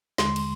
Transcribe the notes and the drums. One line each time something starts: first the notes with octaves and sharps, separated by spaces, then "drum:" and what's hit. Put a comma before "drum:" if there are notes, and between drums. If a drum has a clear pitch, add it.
D#2 D3 G#3 C6, drum: snare
drum: cymbal